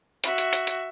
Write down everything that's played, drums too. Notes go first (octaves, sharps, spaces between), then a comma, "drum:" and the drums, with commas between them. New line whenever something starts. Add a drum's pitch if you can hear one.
F#4 E5, drum: hi-hat
drum: hi-hat
drum: hi-hat
drum: hi-hat